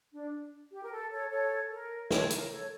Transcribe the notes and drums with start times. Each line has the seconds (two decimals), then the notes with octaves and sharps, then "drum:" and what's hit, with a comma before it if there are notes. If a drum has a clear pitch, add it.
0.12 D4
0.72 G4
0.83 A#4
0.92 A4
1.11 A4 C#5
1.31 A4 C#5
1.71 A#4
2.11 A4 C#5, drum: snare
2.30 A#4, drum: hi-hat
2.50 A4 C#5